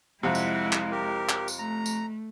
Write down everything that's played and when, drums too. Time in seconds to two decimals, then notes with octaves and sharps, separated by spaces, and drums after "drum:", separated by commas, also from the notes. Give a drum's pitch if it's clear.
0.23 F2 C3 G#3 E4 E5 F#5
0.35 drum: tambourine
0.73 drum: clap
0.91 G4 A#4
1.29 drum: clap
1.48 drum: tambourine
1.59 A3 A#5
1.86 drum: tambourine